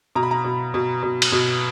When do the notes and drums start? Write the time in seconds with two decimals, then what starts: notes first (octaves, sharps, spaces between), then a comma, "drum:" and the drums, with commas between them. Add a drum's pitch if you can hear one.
0.15 B2 A#5
0.23 B5
0.31 A#5
0.45 B2
0.74 B2
1.03 B2
1.22 drum: cymbal
1.32 B2